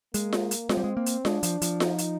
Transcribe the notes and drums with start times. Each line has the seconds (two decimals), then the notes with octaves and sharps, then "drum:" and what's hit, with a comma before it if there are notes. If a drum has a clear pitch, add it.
0.14 G#3 A#3, drum: hi-hat
0.33 drum: snare F4
0.51 drum: hi-hat
0.69 G#3 C4, drum: snare F4
0.77 G3
0.84 G#3
0.97 A#3
1.06 drum: hi-hat
1.25 G#3 D4, drum: snare F4
1.43 F3, drum: hi-hat
1.62 F3, drum: hi-hat
1.80 D#4, drum: snare F4
1.98 drum: hi-hat